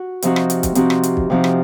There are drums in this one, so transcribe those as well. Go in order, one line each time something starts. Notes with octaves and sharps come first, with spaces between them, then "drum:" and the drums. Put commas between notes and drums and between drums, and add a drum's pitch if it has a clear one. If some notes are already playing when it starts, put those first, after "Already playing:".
Already playing: F#4
C3 F3 C4 D#4 F#4, drum: hi-hat
drum: rim click
drum: hi-hat
drum: kick, hi-hat
C3 F3 C4 D#4 F#4, drum: hi-hat
drum: rim click
drum: hi-hat
drum: kick
C3 F3 C4 D#4 F#4
drum: rim click